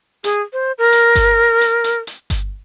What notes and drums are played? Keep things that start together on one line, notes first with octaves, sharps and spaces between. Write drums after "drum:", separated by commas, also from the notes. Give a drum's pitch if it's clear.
G#4, drum: hi-hat
C5
A#4
drum: hi-hat
drum: kick G1, hi-hat
drum: hi-hat
drum: hi-hat
drum: hi-hat
drum: kick G1, hi-hat